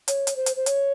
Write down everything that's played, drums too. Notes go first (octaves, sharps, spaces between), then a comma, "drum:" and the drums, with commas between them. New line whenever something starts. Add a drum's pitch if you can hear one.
C#5, drum: hi-hat
drum: hi-hat
C5
drum: hi-hat
C5
C#5, drum: hi-hat